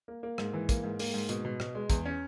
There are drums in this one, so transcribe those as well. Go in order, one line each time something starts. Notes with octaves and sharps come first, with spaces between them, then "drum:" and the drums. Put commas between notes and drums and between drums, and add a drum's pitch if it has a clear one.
A#3
A#3
G#2, drum: rim click
E3
A#3, drum: kick, hi-hat
G#2
A#3, drum: open hi-hat
G#2
B2, drum: hi-hat
B2
B2, drum: rim click
G#3
E2, drum: kick, hi-hat
C#4